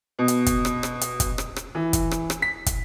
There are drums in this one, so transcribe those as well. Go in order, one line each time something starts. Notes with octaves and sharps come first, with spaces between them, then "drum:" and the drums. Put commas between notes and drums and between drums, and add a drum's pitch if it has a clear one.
B2
drum: hi-hat
drum: kick, hi-hat
drum: rim click
drum: rim click
drum: hi-hat
drum: kick, hi-hat
drum: rim click
drum: rim click
E3
drum: kick, hi-hat
drum: rim click
drum: rim click
B6
drum: kick, hi-hat